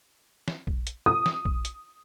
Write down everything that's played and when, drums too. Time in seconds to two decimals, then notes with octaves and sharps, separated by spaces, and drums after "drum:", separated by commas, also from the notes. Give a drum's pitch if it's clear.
0.48 drum: snare
0.67 drum: kick A#1
0.87 drum: hi-hat
1.06 D#6
1.26 drum: snare
1.45 drum: kick A#1
1.65 drum: hi-hat